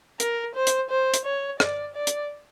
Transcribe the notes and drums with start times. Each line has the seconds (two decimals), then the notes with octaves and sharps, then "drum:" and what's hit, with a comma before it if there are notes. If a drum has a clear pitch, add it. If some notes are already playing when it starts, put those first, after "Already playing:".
0.20 A#4, drum: hi-hat
0.55 C5
0.67 drum: hi-hat
0.90 C5
1.14 drum: hi-hat
1.25 C#5
1.60 D5, drum: rim click
1.95 D5
2.07 drum: hi-hat